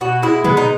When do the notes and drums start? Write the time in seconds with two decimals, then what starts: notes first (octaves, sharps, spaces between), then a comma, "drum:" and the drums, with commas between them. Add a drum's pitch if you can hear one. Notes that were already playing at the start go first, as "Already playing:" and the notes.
0.01 B2 F#4
0.22 G#3 E4
0.44 G#3 B3, drum: tom
0.57 D#4